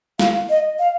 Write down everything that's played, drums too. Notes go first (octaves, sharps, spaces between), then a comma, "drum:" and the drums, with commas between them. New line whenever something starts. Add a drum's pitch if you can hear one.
F5, drum: snare
D#5
F5